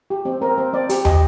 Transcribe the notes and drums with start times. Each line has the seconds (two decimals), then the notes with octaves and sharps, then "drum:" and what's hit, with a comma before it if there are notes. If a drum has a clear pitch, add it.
0.10 G4
0.25 C4
0.42 C4 A#4
0.58 C4
0.73 C4 D5
0.89 G4, drum: hi-hat
1.05 G4 D#5, drum: tom